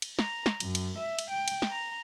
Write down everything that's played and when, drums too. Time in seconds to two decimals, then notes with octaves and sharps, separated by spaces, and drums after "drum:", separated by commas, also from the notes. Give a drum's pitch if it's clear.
0.02 drum: cymbal
0.19 A#5, drum: snare
0.46 drum: snare
0.60 F#2, drum: cymbal
0.75 drum: cymbal
0.98 E5
1.19 drum: cymbal
1.30 G5
1.48 drum: cymbal
1.62 drum: snare
1.71 A#5